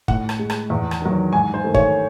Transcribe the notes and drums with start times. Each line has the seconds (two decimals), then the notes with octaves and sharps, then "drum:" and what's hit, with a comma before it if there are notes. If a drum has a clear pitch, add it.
0.08 A2 F#5, drum: kick
0.29 drum: rim click
0.39 G#3
0.50 drum: rim click
0.70 E2
0.91 drum: rim click
1.02 D#3 F#3
1.33 G#2 G#5
1.54 C5
1.64 D#3 A3
1.74 C#5, drum: kick